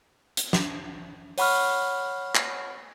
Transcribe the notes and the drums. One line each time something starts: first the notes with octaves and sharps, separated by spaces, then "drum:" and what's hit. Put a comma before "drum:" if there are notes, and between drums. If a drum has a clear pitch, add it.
drum: hi-hat
drum: snare
C#5 F#5 B5 C#6 F6, drum: open hi-hat
drum: clap